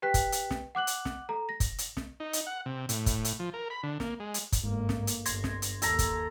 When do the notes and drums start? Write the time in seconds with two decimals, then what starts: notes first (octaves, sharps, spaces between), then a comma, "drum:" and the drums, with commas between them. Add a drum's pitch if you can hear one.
0.02 G4 B4 G5 F#6 B6
0.14 drum: kick F#1, hi-hat
0.32 drum: hi-hat
0.51 drum: snare
0.75 F#5 D6 F#6 F#7
0.87 drum: hi-hat
1.05 drum: snare
1.29 A4 A#5
1.49 A#6
1.60 drum: kick F#1, hi-hat
1.78 drum: hi-hat
1.97 drum: snare
2.20 D#4
2.33 drum: hi-hat
2.47 F#5
2.66 C3
2.89 A2, drum: hi-hat
3.06 drum: kick F#1, hi-hat
3.25 drum: hi-hat
3.40 F3
3.54 A#4
3.70 B5
3.83 D3
4.00 A#3, drum: snare
4.20 G#3
4.34 drum: hi-hat
4.52 drum: kick F#1, hi-hat
4.64 G1 G#2 A#3
4.89 drum: snare
5.07 drum: hi-hat
5.26 G1 C6 G#6 A#6, drum: hi-hat
5.44 drum: snare
5.62 drum: hi-hat
5.82 D#2 A4 A#5, drum: hi-hat
5.99 drum: kick F#1, hi-hat